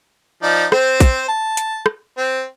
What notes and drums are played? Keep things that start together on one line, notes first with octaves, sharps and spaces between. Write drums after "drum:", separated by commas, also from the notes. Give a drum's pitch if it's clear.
F3 D#4 D5
C4 C5, drum: rim click
drum: kick, hi-hat
A5
drum: hi-hat
drum: rim click
C4